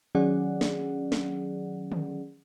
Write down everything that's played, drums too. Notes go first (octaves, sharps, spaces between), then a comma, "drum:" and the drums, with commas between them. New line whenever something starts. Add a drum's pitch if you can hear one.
D#3 F#3 C#4 G#4 D5 F#5
drum: snare
drum: snare
drum: tom D3